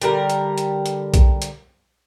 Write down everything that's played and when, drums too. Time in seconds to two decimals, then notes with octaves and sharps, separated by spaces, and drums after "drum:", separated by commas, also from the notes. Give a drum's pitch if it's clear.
0.02 D3 G3 A#4, drum: hi-hat
0.30 drum: hi-hat
0.58 drum: hi-hat
0.86 drum: hi-hat
1.14 drum: kick B1, hi-hat
1.42 drum: hi-hat